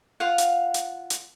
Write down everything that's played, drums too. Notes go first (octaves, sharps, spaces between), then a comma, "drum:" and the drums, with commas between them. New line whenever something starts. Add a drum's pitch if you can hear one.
F4 F5 F#5
drum: hi-hat
drum: hi-hat
drum: hi-hat